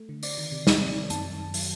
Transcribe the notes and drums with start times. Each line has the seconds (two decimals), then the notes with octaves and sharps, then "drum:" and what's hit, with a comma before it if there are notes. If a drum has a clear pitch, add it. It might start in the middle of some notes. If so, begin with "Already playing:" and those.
Already playing: A3
0.09 D3
0.23 C4 D5, drum: open hi-hat
0.38 D#3
0.52 C3
0.67 G3, drum: snare
0.81 C4
0.96 D#3
1.10 F#2 A5, drum: hi-hat
1.25 D#3
1.40 F#2
1.54 F#3, drum: open hi-hat